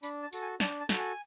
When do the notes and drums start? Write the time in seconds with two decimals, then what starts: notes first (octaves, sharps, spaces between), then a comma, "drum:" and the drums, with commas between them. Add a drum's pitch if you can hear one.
0.03 D4 B5, drum: tambourine
0.23 A5
0.33 F#4 A4, drum: tambourine
0.42 G#5
0.60 D4 A5, drum: snare
0.80 A5
0.89 F#4 A4, drum: snare
0.98 G#5